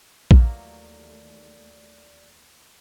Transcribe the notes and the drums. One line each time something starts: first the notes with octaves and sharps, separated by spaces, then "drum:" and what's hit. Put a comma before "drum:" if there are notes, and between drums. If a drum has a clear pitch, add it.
D#2 E3 F#3 A3 A#3 F4 G4 D5, drum: kick A#1